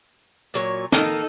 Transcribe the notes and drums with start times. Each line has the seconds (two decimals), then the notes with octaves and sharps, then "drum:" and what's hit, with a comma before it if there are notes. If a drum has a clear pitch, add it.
0.54 A#2 F#3 C#5
0.92 D#3 A#3 D#4 A4, drum: snare